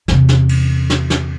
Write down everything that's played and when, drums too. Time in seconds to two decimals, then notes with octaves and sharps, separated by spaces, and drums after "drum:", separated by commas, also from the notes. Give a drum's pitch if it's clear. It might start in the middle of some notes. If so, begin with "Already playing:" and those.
0.08 E2 C3, drum: snare
0.29 drum: snare
0.49 drum: cymbal
0.90 drum: snare
1.10 drum: snare